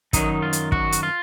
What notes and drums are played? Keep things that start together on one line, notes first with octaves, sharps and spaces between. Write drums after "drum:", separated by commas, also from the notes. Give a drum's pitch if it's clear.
F#2 D#3 F#3 D#4, drum: kick, hi-hat
F4
drum: hi-hat
F#4, drum: kick
drum: hi-hat
F4